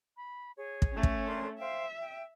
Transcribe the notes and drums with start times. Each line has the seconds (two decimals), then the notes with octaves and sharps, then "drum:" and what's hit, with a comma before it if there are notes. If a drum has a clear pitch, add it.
0.17 B5
0.56 G#4 C#5
0.82 drum: kick
0.92 A3 C#4
1.03 drum: kick
1.27 D4 A#4 C6
1.59 C5 E5 F5 G5
1.99 G5